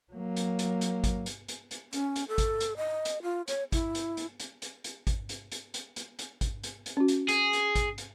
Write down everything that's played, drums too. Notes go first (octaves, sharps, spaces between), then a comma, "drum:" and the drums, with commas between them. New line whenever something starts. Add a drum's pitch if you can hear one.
F#3 A#3
drum: hi-hat
drum: hi-hat
drum: hi-hat
drum: kick G#1, hi-hat
drum: hi-hat
drum: hi-hat
drum: hi-hat
C#4, drum: hi-hat
drum: hi-hat
A4
drum: kick G#1, hi-hat
drum: hi-hat
D#5
drum: hi-hat
F4
C#5, drum: hi-hat
E4, drum: kick G#1, hi-hat
drum: hi-hat
drum: hi-hat
drum: hi-hat
drum: hi-hat
drum: hi-hat
drum: kick G#1, hi-hat
drum: hi-hat
drum: hi-hat
drum: hi-hat
drum: hi-hat
drum: hi-hat
drum: kick G#1, hi-hat
drum: hi-hat
drum: hi-hat
C#4 F#4
drum: hi-hat
G#4, drum: hi-hat
drum: hi-hat
drum: kick G#1, hi-hat
drum: hi-hat